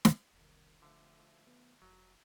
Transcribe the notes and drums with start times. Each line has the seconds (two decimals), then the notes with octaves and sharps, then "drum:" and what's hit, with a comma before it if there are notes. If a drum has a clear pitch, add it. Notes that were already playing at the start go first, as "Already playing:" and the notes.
0.05 drum: snare
0.33 E1 C2 D#3
0.82 D3 F3 A3
1.47 B3
1.82 F1 F#3